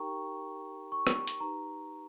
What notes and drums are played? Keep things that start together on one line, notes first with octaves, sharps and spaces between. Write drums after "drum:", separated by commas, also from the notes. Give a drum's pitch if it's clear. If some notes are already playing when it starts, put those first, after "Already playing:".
Already playing: D#4 G4 A#4 G5 A#5 C#6
C#6
drum: rim click
drum: hi-hat
D#4 G4 B4 A#5